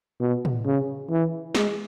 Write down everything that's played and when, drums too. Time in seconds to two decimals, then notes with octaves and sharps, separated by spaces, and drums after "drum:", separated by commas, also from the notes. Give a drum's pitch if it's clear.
0.20 B2
0.45 drum: tom
0.65 C#3
1.10 E3
1.55 G#3, drum: snare